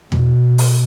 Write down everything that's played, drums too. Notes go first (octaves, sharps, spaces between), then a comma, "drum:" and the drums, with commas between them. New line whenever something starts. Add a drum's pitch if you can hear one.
B2, drum: tom E2
drum: open hi-hat